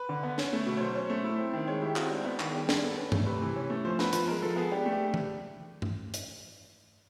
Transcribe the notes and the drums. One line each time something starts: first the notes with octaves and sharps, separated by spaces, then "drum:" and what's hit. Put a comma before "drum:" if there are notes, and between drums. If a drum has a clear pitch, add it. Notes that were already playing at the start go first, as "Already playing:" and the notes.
Already playing: B4
D3
B3
C#4, drum: snare
A3
B2
C#5
F#3 C5
C#4
A3
E4
C4
D#3
G#3 C#5
E4 G4
C4 F#4, drum: clap
D4
B3
D#3, drum: clap
G#4
G3 G4
D4 G#4, drum: snare
B3 A4
C#4 B4
A3 C#5, drum: tom G2
C3 B4
E3
C#4
A3
F3 C5
B3 B4, drum: snare
F3 B4, drum: hi-hat
G#3 A#4
F3 A4
B3 G#4
D4 G4
A3
G4
drum: tom E3
drum: tom G2
drum: hi-hat